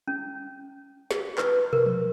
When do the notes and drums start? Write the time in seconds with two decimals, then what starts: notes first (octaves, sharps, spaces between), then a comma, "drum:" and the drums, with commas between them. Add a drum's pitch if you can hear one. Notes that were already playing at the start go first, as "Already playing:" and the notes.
0.08 C#4
1.11 drum: snare
1.38 B4, drum: clap
1.73 A#4, drum: tom
1.86 drum: tom F3